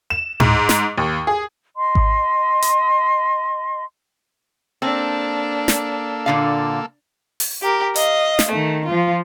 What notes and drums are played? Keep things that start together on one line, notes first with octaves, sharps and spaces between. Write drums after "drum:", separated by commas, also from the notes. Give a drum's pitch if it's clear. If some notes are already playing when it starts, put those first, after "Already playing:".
E7
G#2, drum: tom A2
drum: snare
D#2
G#4
D#5 C6
drum: kick G#1
drum: hi-hat
A#3 C4 D4 A4
drum: snare
A#2 D3 F5
drum: open hi-hat
G4 A#4
D#5 F5, drum: hi-hat
drum: snare
D#3 A3
F3 F4